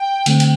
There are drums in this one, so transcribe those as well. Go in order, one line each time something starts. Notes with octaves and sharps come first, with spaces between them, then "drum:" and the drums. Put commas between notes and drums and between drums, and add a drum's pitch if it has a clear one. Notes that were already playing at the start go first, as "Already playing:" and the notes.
Already playing: G5
D3 A3 C4, drum: cymbal
drum: cymbal